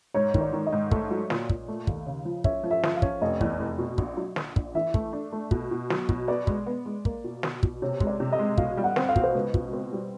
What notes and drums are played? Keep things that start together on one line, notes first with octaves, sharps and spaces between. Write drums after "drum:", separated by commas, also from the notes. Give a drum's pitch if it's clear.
G#2 C#5
D#3, drum: kick
D5
D#3
D#5
G#2
A3, drum: kick
F#3
A#2, drum: snare
A#2, drum: kick
A3
D#2, drum: kick
C#3
F3
C#4 E5, drum: kick
F3
E5
F3, drum: snare
F5
C#4, drum: kick
F1 D#5
E2, drum: kick
F1
B2
A#1, drum: kick
F#3
A#1, drum: snare
A#1, drum: kick
E3 E5
A3, drum: kick
D4
A3
B2, drum: kick
B2
F#3, drum: snare
B2, drum: kick
B3 D5
G#3, drum: kick
B3
G#3
A#3, drum: kick
B2
B2, drum: snare
B2, drum: kick
C3 C#5
G#3, drum: kick
D5
C3
D#5
G#3
B2 F5, drum: kick
G3
F#5
C4, drum: snare
F5
B2, drum: kick
C5
C#2 B4
B2, drum: kick
C4
G3